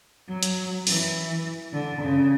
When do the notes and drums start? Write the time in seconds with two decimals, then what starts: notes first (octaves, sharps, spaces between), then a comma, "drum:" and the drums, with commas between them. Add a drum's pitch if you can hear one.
0.29 F#3
0.43 drum: hi-hat
0.87 E3, drum: open hi-hat
1.73 D3
2.02 C#3